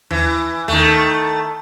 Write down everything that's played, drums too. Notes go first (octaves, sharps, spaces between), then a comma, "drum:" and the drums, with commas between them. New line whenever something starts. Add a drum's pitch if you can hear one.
E3, drum: tom D#2
D#3 A3, drum: tom D#2